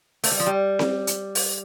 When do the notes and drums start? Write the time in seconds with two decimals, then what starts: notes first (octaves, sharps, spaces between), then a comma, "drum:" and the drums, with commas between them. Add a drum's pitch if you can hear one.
0.24 A3, drum: open hi-hat
0.32 G3
0.40 F3
0.47 G3
0.79 drum: snare C4
1.07 drum: hi-hat
1.35 drum: open hi-hat